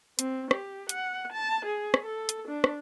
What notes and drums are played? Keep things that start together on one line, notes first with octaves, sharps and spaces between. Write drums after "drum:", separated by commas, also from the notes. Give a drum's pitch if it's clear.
C4, drum: hi-hat
G4, drum: rim click
F#5, drum: hi-hat
A5
G#4
drum: rim click
A4
drum: hi-hat
D4
drum: rim click